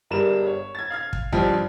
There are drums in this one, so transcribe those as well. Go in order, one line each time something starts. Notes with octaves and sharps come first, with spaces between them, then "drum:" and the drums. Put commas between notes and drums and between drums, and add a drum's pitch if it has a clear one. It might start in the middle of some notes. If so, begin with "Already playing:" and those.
G1 G2 G3 G#3 A#4 E7
C#5
G#6 A6
F5 F6 G#6
drum: kick
C#2 G2 F3, drum: kick